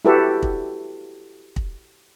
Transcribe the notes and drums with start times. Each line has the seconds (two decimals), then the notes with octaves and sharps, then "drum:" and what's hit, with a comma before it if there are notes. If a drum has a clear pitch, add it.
0.05 E4 F#4 G4 A4 B4
0.43 drum: kick
1.56 drum: kick